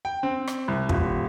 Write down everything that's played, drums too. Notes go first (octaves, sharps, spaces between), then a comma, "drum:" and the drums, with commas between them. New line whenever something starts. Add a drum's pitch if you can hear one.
G5
C4
drum: rim click
C2
D#1, drum: kick